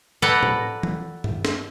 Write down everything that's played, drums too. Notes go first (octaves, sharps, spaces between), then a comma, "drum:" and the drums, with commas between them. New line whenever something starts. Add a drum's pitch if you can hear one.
A4 B4 D5 F#5 G5 A#5
drum: tom A2
drum: tom E3
drum: tom G2
drum: snare